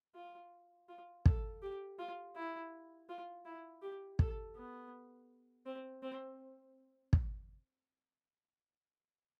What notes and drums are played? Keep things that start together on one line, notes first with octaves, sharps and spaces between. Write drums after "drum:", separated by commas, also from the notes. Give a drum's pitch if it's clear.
F4
F4
A4, drum: kick
G4
F4
E4
F4
E4
G4
A4, drum: kick
B3
C4
C4
drum: kick